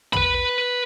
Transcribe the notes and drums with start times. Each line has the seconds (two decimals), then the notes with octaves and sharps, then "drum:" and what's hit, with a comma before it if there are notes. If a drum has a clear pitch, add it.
0.13 B4 B5, drum: tom